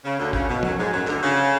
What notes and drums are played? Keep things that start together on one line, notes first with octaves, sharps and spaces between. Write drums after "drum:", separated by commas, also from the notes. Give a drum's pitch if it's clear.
C#3
D2 D3
C#3, drum: kick
B2
F#2 F#3, drum: tom F3
G#2 G#3
F#2 F#3
D2 D3, drum: clap
C#3